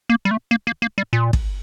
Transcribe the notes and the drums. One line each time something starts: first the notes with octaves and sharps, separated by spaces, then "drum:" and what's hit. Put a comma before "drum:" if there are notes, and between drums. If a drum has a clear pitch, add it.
A#3
G3
A3
A#3
A#3
A#3
G3
A#2
drum: kick